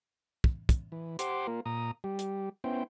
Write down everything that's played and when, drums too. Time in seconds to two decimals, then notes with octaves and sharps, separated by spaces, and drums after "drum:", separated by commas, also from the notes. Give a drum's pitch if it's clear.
0.44 drum: kick
0.69 drum: kick, hi-hat
0.92 E3
1.19 G4 C5 F#5 C6 D6, drum: hi-hat
1.47 A#3 F4 A#4
1.66 A#2 A#5 D#6
2.04 G3 G4
2.19 drum: hi-hat
2.64 B3 C#4 E4 C5 G5